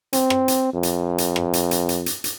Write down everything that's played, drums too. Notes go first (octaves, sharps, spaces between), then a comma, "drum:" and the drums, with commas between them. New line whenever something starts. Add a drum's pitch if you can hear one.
C4, drum: hi-hat
drum: rim click
drum: hi-hat
F2
drum: hi-hat
drum: hi-hat
drum: rim click
drum: hi-hat
drum: hi-hat
drum: hi-hat
drum: hi-hat
drum: hi-hat